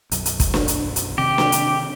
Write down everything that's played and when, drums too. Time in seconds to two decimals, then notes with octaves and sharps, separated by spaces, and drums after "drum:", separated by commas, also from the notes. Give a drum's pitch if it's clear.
0.11 B1 F#2, drum: hi-hat
0.26 drum: hi-hat
0.40 drum: kick, hi-hat
0.54 drum: snare
0.68 drum: hi-hat
0.96 drum: hi-hat
1.18 C3 D#3 C4 G4
1.38 drum: snare
1.52 drum: hi-hat